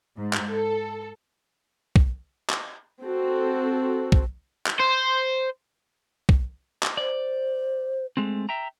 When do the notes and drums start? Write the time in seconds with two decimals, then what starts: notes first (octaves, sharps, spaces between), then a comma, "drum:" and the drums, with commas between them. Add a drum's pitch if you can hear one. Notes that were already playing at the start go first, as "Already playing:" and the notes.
0.16 G#2
0.33 drum: clap
0.50 A4
1.96 drum: kick
2.50 drum: clap
3.02 C4 F#4 A4
4.12 drum: kick
4.66 drum: clap
4.80 C5
6.29 drum: kick
6.83 drum: clap
6.97 C5 D5
8.17 G#3 A3 C4
8.49 E5 G5 A#5